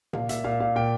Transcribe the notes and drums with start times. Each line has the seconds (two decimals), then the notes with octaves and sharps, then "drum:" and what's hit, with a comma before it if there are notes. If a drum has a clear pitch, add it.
0.13 A#2 F5, drum: tom C3
0.29 A#2 E5, drum: hi-hat
0.44 A#2 F5
0.60 A#2 F5
0.76 A#2 G5